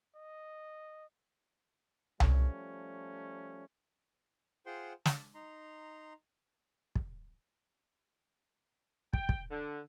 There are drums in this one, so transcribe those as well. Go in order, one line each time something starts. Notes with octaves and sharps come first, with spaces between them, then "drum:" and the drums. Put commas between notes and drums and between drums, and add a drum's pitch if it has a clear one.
D#5
F3 G3 A3 C#4, drum: tom C2
F4 G#4 C5 F#5 G5 C6
A5, drum: snare
D#4 A#5 C6
drum: kick
G5, drum: kick
drum: kick
D3